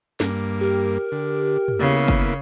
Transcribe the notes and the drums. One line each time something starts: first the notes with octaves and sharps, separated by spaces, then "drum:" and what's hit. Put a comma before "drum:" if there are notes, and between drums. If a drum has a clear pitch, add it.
G2 A#3, drum: snare
drum: open hi-hat
G4 A#4
D3
drum: tom
C#3 A#3 B3 E4
drum: kick